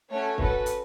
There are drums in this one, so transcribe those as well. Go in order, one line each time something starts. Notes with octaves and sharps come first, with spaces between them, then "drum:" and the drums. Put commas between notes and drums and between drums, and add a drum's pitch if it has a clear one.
A3 C#4 F#4 C#5
C#4 F#4 A4 B4, drum: kick
drum: hi-hat